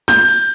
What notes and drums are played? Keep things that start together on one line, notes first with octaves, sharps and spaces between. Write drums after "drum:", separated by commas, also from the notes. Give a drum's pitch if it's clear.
G6, drum: snare
drum: cymbal